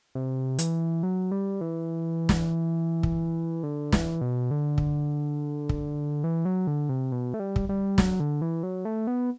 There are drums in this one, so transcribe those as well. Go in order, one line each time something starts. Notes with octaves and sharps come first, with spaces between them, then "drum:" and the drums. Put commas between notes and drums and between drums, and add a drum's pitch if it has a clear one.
C3
E3, drum: hi-hat
F#3
G3
E3
drum: snare
drum: kick
D3
E3, drum: snare
B2
D3
drum: kick
drum: kick
E3
F#3
D3
C3
B2
A3
G3
drum: kick
G3
F#3, drum: snare
D3
E3
F#3
A3
B3